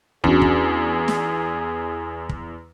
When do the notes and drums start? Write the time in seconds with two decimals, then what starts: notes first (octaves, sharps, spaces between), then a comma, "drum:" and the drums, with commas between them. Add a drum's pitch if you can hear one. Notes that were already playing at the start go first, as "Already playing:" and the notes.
0.24 E2 C#4 D4 F#4 G#4, drum: kick
0.42 drum: kick
1.08 drum: snare
2.29 drum: kick